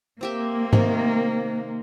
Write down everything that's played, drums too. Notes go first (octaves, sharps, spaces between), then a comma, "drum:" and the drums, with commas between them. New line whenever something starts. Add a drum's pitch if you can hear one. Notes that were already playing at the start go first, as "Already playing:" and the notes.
A#3 C4 G4 E5
C3 D#3, drum: tom G#2